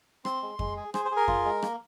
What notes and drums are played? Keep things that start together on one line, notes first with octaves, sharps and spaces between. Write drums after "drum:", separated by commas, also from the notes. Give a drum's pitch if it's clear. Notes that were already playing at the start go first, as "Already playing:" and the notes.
C4 C6, drum: rim click
G#3
G#3, drum: kick F2
G#4
G#4 C5, drum: rim click
C5
G#4
A#4
F4, drum: kick F2
G#3
A#3, drum: rim click